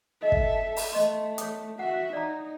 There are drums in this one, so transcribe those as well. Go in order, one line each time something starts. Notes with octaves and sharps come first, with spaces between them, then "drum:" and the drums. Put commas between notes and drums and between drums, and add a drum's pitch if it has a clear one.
A4 D#5 E5
drum: kick
drum: open hi-hat
A3 D#5 C6
C#5 D#6, drum: hi-hat
F#4 E5 F#5
D#4 D5 A#5